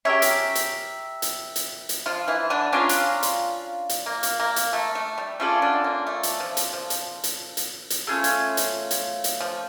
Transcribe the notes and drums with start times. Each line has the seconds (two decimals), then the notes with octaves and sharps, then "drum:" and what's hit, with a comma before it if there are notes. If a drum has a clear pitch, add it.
0.05 C#4 G4 A#4 C#5 E5
0.22 drum: hi-hat
0.55 drum: hi-hat
1.22 drum: hi-hat
1.56 drum: hi-hat
1.89 drum: hi-hat
2.06 F3 F4
2.28 E3 E4
2.50 D3 D4
2.72 C#3 C#4 D4 F4 A#4
2.89 drum: hi-hat
3.23 drum: hi-hat
3.89 drum: hi-hat
4.06 A#3
4.23 drum: hi-hat
4.40 A#3
4.56 drum: hi-hat
4.73 A3
4.95 A3
5.18 G3
5.40 A3 C#4 F4 A4 D5
5.62 D3 D4
5.84 A#3
6.07 A3
6.23 drum: hi-hat
6.40 F3
6.57 drum: hi-hat
6.73 F3
6.90 drum: hi-hat
7.24 drum: hi-hat
7.57 drum: hi-hat
7.90 drum: hi-hat
8.07 A3 C#4 F4 C#5
8.24 drum: hi-hat
8.57 drum: hi-hat
8.91 drum: hi-hat
9.24 drum: hi-hat
9.41 F3